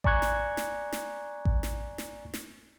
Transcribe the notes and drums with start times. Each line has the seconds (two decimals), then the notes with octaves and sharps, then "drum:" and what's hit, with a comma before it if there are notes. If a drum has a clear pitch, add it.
0.04 D5 G#5 A#5 C#6 F#6 G#6, drum: kick A1
0.22 drum: snare
0.57 drum: snare
0.92 drum: snare
1.45 drum: kick A1
1.63 drum: snare
1.98 drum: snare
2.34 drum: snare